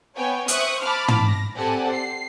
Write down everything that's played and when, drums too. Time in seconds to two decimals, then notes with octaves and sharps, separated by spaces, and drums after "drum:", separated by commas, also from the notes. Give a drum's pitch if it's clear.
0.16 B3 C#5 G5 G#5
0.48 C5 E5 C#6 D#6 F#6, drum: hi-hat
0.83 A5 B5 D6 F6
1.08 drum: tom
1.27 A#6
1.57 C4 G4 A4 D5 F#5 G#5
1.92 C7